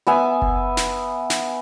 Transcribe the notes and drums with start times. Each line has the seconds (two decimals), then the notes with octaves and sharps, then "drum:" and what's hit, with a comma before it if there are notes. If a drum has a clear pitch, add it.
0.07 B3 E5 G#5
0.42 drum: kick F#1
0.77 drum: snare
1.30 drum: snare